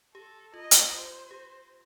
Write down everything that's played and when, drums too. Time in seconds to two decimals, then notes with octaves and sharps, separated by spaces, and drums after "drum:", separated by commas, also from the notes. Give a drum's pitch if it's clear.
0.15 G4 A4
0.54 F4 D#5
0.71 drum: hi-hat
0.93 C5
1.31 G4